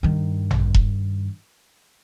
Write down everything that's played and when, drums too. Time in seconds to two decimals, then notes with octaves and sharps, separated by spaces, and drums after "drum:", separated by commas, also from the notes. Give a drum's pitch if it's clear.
0.03 G2 D#3
0.51 drum: tom A1
0.74 drum: kick E1